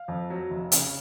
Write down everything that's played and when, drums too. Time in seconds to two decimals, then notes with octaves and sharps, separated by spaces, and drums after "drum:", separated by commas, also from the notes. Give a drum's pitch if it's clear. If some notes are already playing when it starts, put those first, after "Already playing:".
Already playing: F5
0.08 F2
0.30 F#3
0.51 F1
0.72 C#3, drum: hi-hat